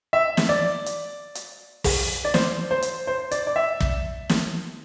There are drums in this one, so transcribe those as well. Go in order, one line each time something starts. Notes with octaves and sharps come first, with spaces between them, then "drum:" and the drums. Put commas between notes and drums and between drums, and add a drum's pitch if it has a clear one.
E5
drum: snare
D5
drum: hi-hat
drum: hi-hat
drum: kick, open hi-hat
D5
C5, drum: snare
C5
drum: hi-hat
C5
D5, drum: hi-hat
D5
E5
drum: kick
drum: snare